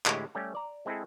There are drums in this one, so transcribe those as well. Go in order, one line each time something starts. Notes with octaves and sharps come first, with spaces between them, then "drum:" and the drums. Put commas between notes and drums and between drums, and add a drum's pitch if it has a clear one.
A2 D3 G#3 E4 G4 C#5, drum: clap
G3 A3 C#4 G4
D5 A#5
G#3 C4 E4 G#4 A4